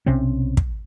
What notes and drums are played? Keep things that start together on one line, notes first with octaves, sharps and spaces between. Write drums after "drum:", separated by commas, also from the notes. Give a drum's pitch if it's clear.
B1 C3 C4 C#4
drum: kick